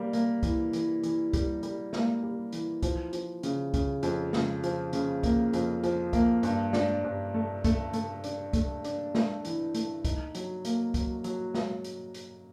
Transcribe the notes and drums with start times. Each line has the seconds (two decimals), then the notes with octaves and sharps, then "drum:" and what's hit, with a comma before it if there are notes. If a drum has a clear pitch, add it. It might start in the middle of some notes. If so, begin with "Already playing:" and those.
Already playing: G3 A#3
0.13 A#3, drum: hi-hat
0.43 E3, drum: kick, hi-hat
0.73 E3, drum: hi-hat
1.03 E3, drum: hi-hat
1.33 G3, drum: kick, hi-hat
1.63 G3, drum: hi-hat
1.93 A#3, drum: snare
2.23 G3
2.53 E3, drum: hi-hat
2.83 F3, drum: kick, hi-hat
3.13 F3, drum: hi-hat
3.43 C#3, drum: hi-hat
3.74 C#3, drum: kick, hi-hat
4.03 F2, drum: hi-hat
4.33 C#3, drum: snare
4.64 F3, drum: hi-hat
4.93 C#3, drum: hi-hat
5.23 A#3, drum: kick, hi-hat
5.53 F2, drum: hi-hat
5.84 F3, drum: hi-hat
6.13 A#3, drum: kick, hi-hat
6.43 G2, drum: hi-hat
6.73 D4, drum: snare
7.04 G2
7.34 A3
7.64 A3, drum: kick, hi-hat
7.93 A3, drum: hi-hat
8.24 D4, drum: hi-hat
8.53 A3, drum: kick, hi-hat
8.84 D4, drum: hi-hat
9.15 A3, drum: snare
9.45 E3, drum: hi-hat
9.75 A3, drum: hi-hat
10.05 D#4, drum: kick, hi-hat
10.35 F#3, drum: hi-hat
10.65 A#3, drum: hi-hat
10.94 F#3, drum: kick, hi-hat
11.24 F#3, drum: hi-hat
11.54 F#3, drum: snare
11.84 drum: hi-hat
12.14 drum: hi-hat